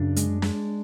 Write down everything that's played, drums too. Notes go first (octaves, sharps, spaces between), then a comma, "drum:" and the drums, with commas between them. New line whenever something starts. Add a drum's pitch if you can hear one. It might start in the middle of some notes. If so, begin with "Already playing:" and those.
Already playing: F#2 C#3 D4
G#3, drum: hi-hat
G#3, drum: snare